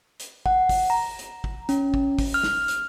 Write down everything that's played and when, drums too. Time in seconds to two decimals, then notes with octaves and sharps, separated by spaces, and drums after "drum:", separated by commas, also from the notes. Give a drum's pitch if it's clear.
0.20 drum: hi-hat
0.46 F#5, drum: kick
0.69 drum: kick, open hi-hat
0.90 A#5
1.19 drum: hi-hat
1.44 drum: kick
1.69 C#4, drum: hi-hat
1.94 drum: kick
2.19 drum: kick, open hi-hat
2.34 F6
2.43 drum: snare
2.68 drum: hi-hat